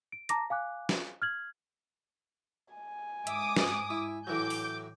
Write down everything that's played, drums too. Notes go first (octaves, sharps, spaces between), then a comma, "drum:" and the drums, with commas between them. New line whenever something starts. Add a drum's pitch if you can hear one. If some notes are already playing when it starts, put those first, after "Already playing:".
D7
A5 A#5 D6 A#6, drum: hi-hat
F5 G#5 D6 F#6
drum: snare
F6 G#6 F#7
G#5
G#2 E5 D6 D#6, drum: hi-hat
drum: snare
E4
A2 E3 F#3 D6 G6
drum: open hi-hat